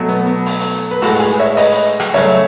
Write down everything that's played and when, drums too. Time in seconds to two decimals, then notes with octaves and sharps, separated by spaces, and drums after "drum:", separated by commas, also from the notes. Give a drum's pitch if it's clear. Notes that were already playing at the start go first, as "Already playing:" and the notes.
Already playing: B2 F#3 A3
0.09 B3
0.27 B3
0.46 drum: open hi-hat
0.60 drum: hi-hat
0.74 drum: hi-hat
0.91 B4
1.02 A2 G#3 F#4 A4, drum: open hi-hat
1.20 G#4 B4
1.30 drum: hi-hat
1.39 C#5 E5
1.57 B4 D#5, drum: open hi-hat
1.72 drum: hi-hat
1.86 drum: hi-hat
2.00 drum: rim click
2.14 C#3 F#3 A3 C#5 E5, drum: open hi-hat